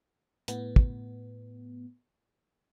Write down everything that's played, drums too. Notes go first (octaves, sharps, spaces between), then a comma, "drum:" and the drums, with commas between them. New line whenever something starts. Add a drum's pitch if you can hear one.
A2 B3, drum: hi-hat
drum: kick